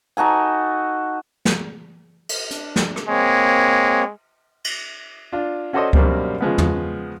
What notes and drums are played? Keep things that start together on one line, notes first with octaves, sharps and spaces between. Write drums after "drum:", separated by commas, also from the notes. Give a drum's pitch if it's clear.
D#4 F#4 A4 G#5
drum: snare
drum: cymbal
D4, drum: hi-hat
drum: snare
drum: rim click
G#3 A#3 C4 C#5
drum: cymbal
D4 F4
C#4 F#4 A4 C5 D5 D#5
F#2 B2 G3 A#3 C4 D4, drum: kick C#2
C#3 F3 G#3 B3
drum: tom